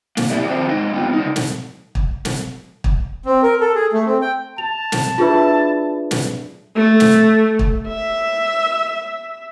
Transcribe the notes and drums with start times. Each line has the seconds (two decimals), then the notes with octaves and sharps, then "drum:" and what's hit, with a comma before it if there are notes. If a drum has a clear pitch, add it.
0.17 A#3, drum: snare
0.30 G4 D5 E5
0.45 F2 F3 C4 F4 G#4 C5
0.69 G#2 G#3 D#4 D#5 F5
0.93 G3 B3 C4 F4
1.13 C#3 D#4
1.36 drum: snare
1.95 drum: kick
2.25 drum: snare
2.84 drum: kick
3.25 C4
3.43 A#4
3.61 A4
3.75 G#4
3.93 A3
4.06 C4
4.22 G5
4.58 A5 F7
4.92 drum: snare
5.18 D4 E4 F4 G#4 B4
6.11 drum: snare
6.75 A3
7.00 drum: snare
7.59 drum: kick
7.87 E5